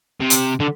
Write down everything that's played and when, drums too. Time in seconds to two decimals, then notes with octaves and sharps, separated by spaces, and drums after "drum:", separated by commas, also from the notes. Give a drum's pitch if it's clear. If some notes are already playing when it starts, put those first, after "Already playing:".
0.21 C3
0.30 drum: hi-hat
0.60 D3